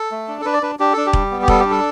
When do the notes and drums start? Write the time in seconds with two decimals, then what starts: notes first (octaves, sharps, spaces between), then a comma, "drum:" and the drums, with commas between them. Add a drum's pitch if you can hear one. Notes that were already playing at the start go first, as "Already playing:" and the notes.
Already playing: A4
0.11 A3
0.28 D4
0.41 A4
0.45 D4 B4
0.54 D5
0.62 D4 B4
0.79 D4 G4
0.93 D4 A4
1.06 G4
1.13 G3, drum: kick E1
1.31 B3
1.42 G4
1.48 G3 A4, drum: kick E1
1.60 D4 G4
1.71 A4